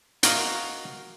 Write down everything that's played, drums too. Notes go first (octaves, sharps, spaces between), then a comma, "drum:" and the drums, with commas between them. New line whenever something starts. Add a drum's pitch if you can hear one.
F#4 A#4 D#5 F5, drum: hi-hat